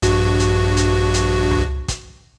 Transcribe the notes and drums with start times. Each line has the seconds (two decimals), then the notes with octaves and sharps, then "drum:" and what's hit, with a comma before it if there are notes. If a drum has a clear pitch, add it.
0.02 A#1 G2 F#4, drum: hi-hat
0.40 drum: hi-hat
0.77 drum: hi-hat
1.14 drum: hi-hat
1.51 drum: tom C#2
1.88 drum: kick, hi-hat